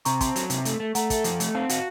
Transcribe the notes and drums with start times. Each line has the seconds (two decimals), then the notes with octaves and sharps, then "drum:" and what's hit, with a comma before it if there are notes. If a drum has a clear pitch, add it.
0.05 C3 A#5 C#6, drum: hi-hat
0.21 C4 A5 C6, drum: kick, hi-hat
0.36 F#3, drum: hi-hat
0.50 C3, drum: hi-hat
0.65 A3, drum: hi-hat
0.80 A3
0.95 A3 F#5 A#5, drum: hi-hat
1.10 A4, drum: kick, hi-hat
1.24 F3, drum: hi-hat
1.40 A3, drum: hi-hat
1.54 C4 F5 A5
1.69 F#4 F5, drum: hi-hat